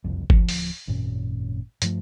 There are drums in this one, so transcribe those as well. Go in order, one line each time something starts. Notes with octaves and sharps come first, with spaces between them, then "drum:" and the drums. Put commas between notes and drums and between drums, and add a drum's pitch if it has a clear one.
F#1 C2 F2
D1 F3, drum: kick G1
drum: open hi-hat
G#1 F#2 A#2 C#4
G2 F3 A3, drum: hi-hat